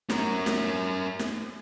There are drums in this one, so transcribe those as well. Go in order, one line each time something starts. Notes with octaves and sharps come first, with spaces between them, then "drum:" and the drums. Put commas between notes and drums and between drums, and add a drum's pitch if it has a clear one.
C#4 A#4, drum: snare
drum: snare
drum: snare